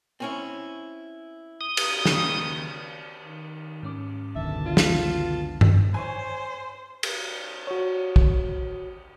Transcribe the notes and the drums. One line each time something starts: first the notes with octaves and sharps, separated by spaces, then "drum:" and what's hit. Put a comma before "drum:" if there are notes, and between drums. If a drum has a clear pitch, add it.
C4 C#4 E4
D#6
drum: cymbal
D#2 G#2 C#3, drum: snare
D#3
G#2 C#4 D6
F#1 C#2 B2 D3 D#3 E5 A5
D4 F4
drum: snare
drum: tom G2
C5 C#5 G#5
drum: cymbal
F#4 C#5
drum: kick